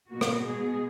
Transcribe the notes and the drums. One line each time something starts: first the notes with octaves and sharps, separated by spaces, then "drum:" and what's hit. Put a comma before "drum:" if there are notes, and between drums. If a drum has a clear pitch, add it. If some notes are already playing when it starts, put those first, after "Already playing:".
B2 F#3 A#3 F#4
drum: rim click
B2 G#3 B3 G#4